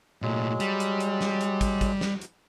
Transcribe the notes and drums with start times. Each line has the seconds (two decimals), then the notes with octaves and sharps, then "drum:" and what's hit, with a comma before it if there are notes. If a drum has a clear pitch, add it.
0.22 A#2 F#3 G#3 A3
0.60 G3, drum: hi-hat
0.80 drum: hi-hat
1.00 drum: hi-hat
1.21 drum: snare
1.41 drum: hi-hat
1.61 drum: kick, hi-hat
1.81 drum: kick, hi-hat
2.01 drum: snare
2.21 drum: hi-hat